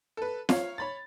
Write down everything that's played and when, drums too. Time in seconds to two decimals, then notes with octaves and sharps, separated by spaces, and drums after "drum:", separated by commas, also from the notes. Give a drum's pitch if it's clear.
0.17 A4 B4
0.49 C#5 F5, drum: snare
0.78 C#5 B5 A6